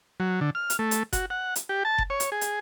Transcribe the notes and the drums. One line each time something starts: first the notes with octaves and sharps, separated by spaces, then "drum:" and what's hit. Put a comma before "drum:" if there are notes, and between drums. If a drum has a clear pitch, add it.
F#3
D3
F6
drum: hi-hat
A3
drum: hi-hat
F#4, drum: kick F#1, hi-hat
F#5
drum: hi-hat
G4
A5
drum: kick F#1
C#5
drum: hi-hat
G#4
drum: hi-hat